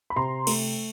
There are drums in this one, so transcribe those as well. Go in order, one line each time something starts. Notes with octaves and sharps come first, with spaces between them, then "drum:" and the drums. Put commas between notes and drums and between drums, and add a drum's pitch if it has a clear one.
B5
C3 A#5 C6
A3, drum: cymbal